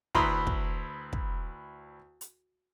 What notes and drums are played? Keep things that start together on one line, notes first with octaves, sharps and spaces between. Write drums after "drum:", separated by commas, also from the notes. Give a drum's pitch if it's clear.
D2 E4 B4 A#5 C6 D#6, drum: kick
drum: kick
drum: kick
drum: hi-hat